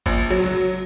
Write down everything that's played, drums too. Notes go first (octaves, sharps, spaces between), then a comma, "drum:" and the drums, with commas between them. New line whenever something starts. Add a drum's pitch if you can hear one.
A#1, drum: kick G#1, tambourine
F#3
drum: snare